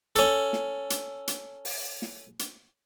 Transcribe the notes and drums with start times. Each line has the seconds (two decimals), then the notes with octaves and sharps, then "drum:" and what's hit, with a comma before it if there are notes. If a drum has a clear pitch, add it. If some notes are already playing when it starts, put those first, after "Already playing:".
0.16 C#4 A4, drum: hi-hat
0.53 drum: snare
0.90 drum: hi-hat
1.28 drum: hi-hat
1.65 drum: open hi-hat
2.02 drum: snare
2.39 drum: hi-hat